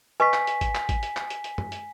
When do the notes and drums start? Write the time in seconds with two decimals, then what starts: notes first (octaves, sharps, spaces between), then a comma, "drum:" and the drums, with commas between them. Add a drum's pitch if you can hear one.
0.20 B4 D#5 G#5 C#6 B6
0.34 drum: clap
0.47 drum: hi-hat
0.61 drum: kick G#1, hi-hat
0.75 drum: clap
0.89 drum: kick G#1, hi-hat
1.03 drum: hi-hat
1.17 drum: clap
1.30 drum: hi-hat
1.44 drum: hi-hat
1.58 drum: tom
1.72 drum: hi-hat